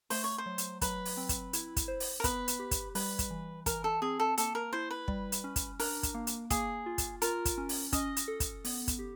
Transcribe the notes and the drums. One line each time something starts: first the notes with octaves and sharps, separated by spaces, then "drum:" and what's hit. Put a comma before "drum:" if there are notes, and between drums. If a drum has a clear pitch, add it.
A3 C5, drum: open hi-hat
C#5
C5
F#3
drum: hi-hat
F#3 B4, drum: kick, hi-hat
drum: open hi-hat
C4
drum: kick, hi-hat
E4, drum: hi-hat
drum: kick, hi-hat
C5
drum: open hi-hat
A#4
B3 B4, drum: kick, hi-hat
drum: hi-hat
G4
drum: kick, hi-hat
G3 B4, drum: open hi-hat
drum: kick, hi-hat
E3
E3 A#4, drum: kick, hi-hat
A4
C4 G#4
A4
A#3 A4, drum: hi-hat
A#4
E4 C5
B4
G3, drum: kick
drum: hi-hat
C#4
drum: kick, hi-hat
D4 A#4, drum: open hi-hat
drum: kick, hi-hat
A#3
drum: hi-hat
A#3 G#4, drum: kick, hi-hat
F4
drum: kick, hi-hat
F4 A#4, drum: hi-hat
drum: kick, hi-hat
C#4
drum: open hi-hat
C#4 D#5, drum: kick, hi-hat
drum: hi-hat
A4
drum: kick, hi-hat
B3, drum: open hi-hat
drum: kick, hi-hat
G4